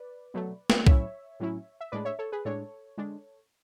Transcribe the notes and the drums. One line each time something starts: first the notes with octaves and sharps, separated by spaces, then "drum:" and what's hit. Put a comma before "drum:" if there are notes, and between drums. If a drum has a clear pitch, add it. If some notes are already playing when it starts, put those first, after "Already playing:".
Already playing: B4 D5
B2 F#3 A3
drum: snare
A2 F#3 C#4 E4 C#5 E5, drum: kick C2
A2 F#3 C#4 E4
E5
A2 G#3 D4 B4 D5
C#5 E5
A4 C#5
G#4 B4
A2 G#3 D4 A4 C#5
D3 G#3 D4